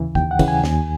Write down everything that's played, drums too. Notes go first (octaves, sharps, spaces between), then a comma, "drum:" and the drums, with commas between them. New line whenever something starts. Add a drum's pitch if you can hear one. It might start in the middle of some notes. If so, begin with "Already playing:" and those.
Already playing: D#2 C#3 E3
D#2 G5, drum: kick
F#5
C#3 E3, drum: kick, cymbal
G#5
D#2, drum: snare